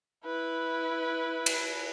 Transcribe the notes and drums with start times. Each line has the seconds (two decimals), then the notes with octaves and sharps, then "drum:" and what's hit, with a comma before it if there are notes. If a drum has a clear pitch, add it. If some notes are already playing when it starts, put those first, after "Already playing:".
0.25 E4 B4
1.46 drum: cymbal